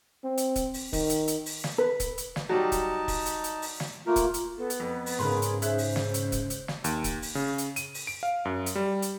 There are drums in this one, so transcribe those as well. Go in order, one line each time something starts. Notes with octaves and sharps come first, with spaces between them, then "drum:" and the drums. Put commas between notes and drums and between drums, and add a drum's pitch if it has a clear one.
C4
drum: hi-hat
drum: kick, hi-hat
drum: open hi-hat
D#3, drum: kick, open hi-hat
drum: hi-hat
drum: hi-hat
drum: open hi-hat
drum: snare
B4
drum: kick, hi-hat
drum: hi-hat
drum: snare
F#3 G3 D#4 A5
drum: kick, hi-hat
drum: kick, open hi-hat
drum: hi-hat
drum: hi-hat
drum: open hi-hat
drum: snare
A3 A#3 F4 A#4
drum: kick, hi-hat
drum: hi-hat
B3 A4
drum: hi-hat
F2 B4
drum: open hi-hat
G#2 C#3 G#4 A#4 B4 C6
drum: hi-hat
C5 E5 F#6, drum: hi-hat
drum: open hi-hat
C#4, drum: snare
drum: hi-hat
drum: kick, hi-hat
drum: hi-hat
drum: snare
D#2, drum: hi-hat
drum: kick, hi-hat
drum: open hi-hat
C#3
drum: hi-hat
D#7, drum: hi-hat
drum: open hi-hat
D7
F5
F#2
drum: hi-hat
G3
drum: hi-hat